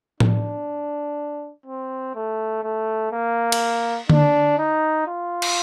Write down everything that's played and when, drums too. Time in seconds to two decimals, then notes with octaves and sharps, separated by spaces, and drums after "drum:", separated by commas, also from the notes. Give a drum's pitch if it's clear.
0.20 D4, drum: tom A2
1.66 C4
2.15 A3
2.63 A3
3.12 A#3
3.52 drum: cymbal
4.10 D4, drum: tom D3
4.58 D#4
5.07 F4
5.42 drum: cymbal